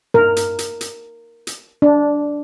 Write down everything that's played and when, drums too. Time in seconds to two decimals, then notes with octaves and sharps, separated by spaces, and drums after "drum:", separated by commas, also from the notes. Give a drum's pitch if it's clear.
0.14 A#4, drum: tom G2
0.36 drum: hi-hat
0.59 drum: hi-hat
0.81 drum: hi-hat
1.47 drum: hi-hat
1.82 D4